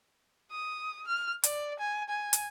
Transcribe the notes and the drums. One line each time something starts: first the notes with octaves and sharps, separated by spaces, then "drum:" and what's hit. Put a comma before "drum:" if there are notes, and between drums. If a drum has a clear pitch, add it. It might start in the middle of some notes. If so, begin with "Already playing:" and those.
D#6
F6
D5, drum: hi-hat
G#5
G#5
drum: hi-hat